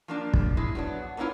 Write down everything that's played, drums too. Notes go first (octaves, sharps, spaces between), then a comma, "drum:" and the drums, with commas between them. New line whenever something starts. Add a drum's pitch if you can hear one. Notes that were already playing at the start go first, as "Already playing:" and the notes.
F3 A#3 D4
drum: kick
G#3 E4
F#3 B3 D4
A3 A#3 C#4 E4 F4 B4